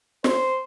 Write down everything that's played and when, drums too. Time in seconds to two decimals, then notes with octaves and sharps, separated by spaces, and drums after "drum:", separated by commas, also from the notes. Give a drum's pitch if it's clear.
0.24 C5, drum: snare